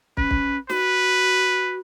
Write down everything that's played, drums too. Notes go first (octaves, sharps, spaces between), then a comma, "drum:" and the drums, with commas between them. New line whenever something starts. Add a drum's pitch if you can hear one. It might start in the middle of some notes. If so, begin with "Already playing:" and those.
C#4 B4, drum: kick
drum: kick
F#4 B4, drum: snare